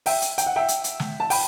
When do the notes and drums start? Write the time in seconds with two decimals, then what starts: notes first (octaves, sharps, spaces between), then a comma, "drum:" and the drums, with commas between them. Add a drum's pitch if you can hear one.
0.06 E5 G5, drum: open hi-hat
0.22 drum: hi-hat
0.38 G5, drum: hi-hat
0.46 F#5
0.56 E5 G5
0.68 drum: hi-hat
0.84 drum: hi-hat
1.00 drum: snare
1.20 A5
1.30 G5 B5, drum: open hi-hat